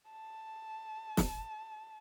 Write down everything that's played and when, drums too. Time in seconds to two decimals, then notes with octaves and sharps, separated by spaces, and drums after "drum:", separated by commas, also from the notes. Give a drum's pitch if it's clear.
0.11 A5
1.17 drum: snare